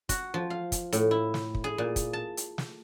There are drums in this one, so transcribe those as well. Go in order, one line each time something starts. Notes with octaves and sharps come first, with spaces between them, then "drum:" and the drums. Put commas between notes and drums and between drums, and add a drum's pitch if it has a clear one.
F#4, drum: kick, hi-hat
F3
F5
drum: kick, hi-hat
A2, drum: hi-hat
E4
drum: snare
drum: kick
G#4
A#2
drum: kick, hi-hat
A5
drum: hi-hat
drum: snare